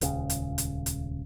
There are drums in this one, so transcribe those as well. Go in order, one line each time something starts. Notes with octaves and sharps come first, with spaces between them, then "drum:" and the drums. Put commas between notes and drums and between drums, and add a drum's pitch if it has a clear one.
D#1 C#2 C#3, drum: hi-hat
drum: hi-hat
drum: hi-hat
drum: hi-hat